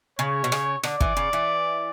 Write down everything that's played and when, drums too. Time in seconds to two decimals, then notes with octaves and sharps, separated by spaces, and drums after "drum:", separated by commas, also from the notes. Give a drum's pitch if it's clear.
0.19 C#3 C#5
0.44 B2
0.52 C#3, drum: rim click
0.84 D3 D5, drum: rim click
1.01 E3, drum: kick
1.17 C#3
1.33 E3